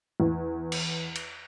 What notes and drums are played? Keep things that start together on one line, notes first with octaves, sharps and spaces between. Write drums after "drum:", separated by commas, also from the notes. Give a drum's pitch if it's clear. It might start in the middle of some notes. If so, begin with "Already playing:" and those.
E2
drum: cymbal
drum: cymbal